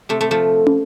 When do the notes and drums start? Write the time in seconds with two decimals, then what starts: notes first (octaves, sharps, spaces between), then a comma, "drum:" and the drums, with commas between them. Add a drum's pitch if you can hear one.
0.09 C3 A3
0.21 A3
0.31 F3 A3
0.67 drum: tom